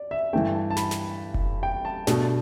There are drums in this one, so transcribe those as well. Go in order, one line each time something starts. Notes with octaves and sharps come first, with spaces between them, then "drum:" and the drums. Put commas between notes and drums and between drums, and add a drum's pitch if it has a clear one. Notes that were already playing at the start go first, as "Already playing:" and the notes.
Already playing: D5
E5
G2 E3 A3 G5
A5
A5
B5, drum: snare
drum: snare
drum: kick F1
G5
A5
B2 A3 D4, drum: snare